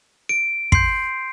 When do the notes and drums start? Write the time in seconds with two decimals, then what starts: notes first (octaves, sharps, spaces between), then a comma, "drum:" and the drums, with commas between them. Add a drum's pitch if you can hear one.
0.29 D7
0.72 C6 G6 C7, drum: kick